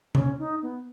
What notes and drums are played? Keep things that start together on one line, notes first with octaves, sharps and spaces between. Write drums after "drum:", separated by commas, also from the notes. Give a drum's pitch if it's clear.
C#4, drum: tom C#3
D#4
B3